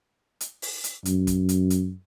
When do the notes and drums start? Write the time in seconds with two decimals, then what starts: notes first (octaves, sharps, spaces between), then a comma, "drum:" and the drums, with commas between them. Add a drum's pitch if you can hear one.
0.41 drum: hi-hat
0.62 drum: open hi-hat
0.84 drum: hi-hat
1.05 F#2, drum: hi-hat
1.27 drum: kick, hi-hat
1.49 drum: hi-hat
1.70 drum: hi-hat